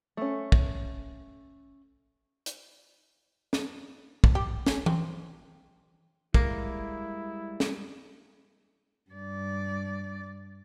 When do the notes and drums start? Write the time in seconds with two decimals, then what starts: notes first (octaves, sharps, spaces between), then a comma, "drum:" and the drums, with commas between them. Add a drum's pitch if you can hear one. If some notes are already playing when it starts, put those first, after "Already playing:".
0.17 A3 C#4
0.52 drum: kick
2.46 drum: hi-hat
3.53 drum: snare
4.24 drum: kick
4.35 G4
4.66 C#4, drum: snare
4.86 C4, drum: tom E3
6.34 G3 G#3 A#3 E4, drum: kick
7.60 drum: snare
9.11 G2 D5